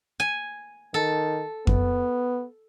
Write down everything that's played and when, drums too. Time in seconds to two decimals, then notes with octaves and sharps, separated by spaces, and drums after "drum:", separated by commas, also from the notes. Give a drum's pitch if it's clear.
0.20 G#5
0.94 D#3 A4
1.67 B3, drum: kick F2